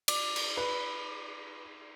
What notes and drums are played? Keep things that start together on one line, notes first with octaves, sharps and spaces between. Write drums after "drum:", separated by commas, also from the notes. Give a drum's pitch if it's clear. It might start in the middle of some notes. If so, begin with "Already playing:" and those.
D5, drum: cymbal
drum: cymbal
B4